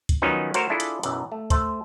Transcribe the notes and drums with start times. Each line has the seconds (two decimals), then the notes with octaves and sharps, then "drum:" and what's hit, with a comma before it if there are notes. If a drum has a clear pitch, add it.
0.09 drum: kick, hi-hat
0.22 D#3 F3 F#3 B3 C#4 D#4
0.54 A3 F#4 A#4 C5 C#5, drum: hi-hat
0.70 D4 E4 F4 G#4 A4
0.80 drum: hi-hat
1.03 B1 F#2 E3, drum: hi-hat
1.32 A3
1.50 A3 C5, drum: kick, hi-hat